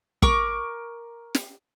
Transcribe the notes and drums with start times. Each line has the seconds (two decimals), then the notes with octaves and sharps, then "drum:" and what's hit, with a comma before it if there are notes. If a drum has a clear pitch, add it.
0.22 A#4 C#6 D6, drum: kick
1.35 drum: snare